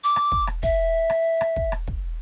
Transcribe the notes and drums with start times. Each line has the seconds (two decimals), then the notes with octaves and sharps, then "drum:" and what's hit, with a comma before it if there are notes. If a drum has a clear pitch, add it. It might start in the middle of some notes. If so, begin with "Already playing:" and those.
0.04 D6
0.16 drum: rim click
0.32 drum: kick
0.47 drum: rim click
0.63 E5, drum: kick
1.10 drum: rim click
1.41 drum: rim click
1.56 drum: kick
1.72 drum: rim click
1.88 drum: kick